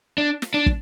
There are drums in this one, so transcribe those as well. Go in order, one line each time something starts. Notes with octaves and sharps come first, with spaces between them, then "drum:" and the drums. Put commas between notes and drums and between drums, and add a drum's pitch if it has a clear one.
D4
drum: snare
D4
drum: kick